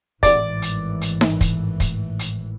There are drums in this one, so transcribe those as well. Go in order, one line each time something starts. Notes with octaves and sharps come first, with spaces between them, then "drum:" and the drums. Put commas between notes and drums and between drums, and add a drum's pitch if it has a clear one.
G#1 A2 E3 D5, drum: kick, hi-hat
drum: hi-hat
drum: hi-hat
drum: snare D#4
drum: kick, hi-hat
drum: kick, hi-hat
drum: hi-hat